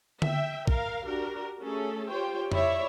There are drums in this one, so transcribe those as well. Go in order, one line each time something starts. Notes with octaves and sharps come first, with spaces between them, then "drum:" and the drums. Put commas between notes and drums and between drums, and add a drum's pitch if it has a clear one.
E5 G5, drum: tom D3
A#4 F5, drum: kick A#1
D4 F#4 G4 A#4
A3 C#4 G#4 A4
F4 G4 C5 C#5 G5
E4 C#5 D5 E5, drum: tom F2